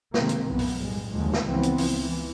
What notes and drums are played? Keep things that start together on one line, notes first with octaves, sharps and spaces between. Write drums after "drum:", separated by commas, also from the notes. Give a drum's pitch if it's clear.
C3 D#3 G#3 A#3 C4, drum: snare
drum: hi-hat
B1 F#2 A#2 E3 B3
drum: open hi-hat
A2 G3 G#3
D#2 D3 F3 G#3 A3
drum: snare
C#2 E3 F3 B3 C4
drum: hi-hat
drum: open hi-hat
E3